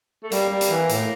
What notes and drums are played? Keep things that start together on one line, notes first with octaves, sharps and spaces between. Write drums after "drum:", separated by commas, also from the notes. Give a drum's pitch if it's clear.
A3
G3 A#3, drum: hi-hat
G3
drum: hi-hat
E3
A2, drum: hi-hat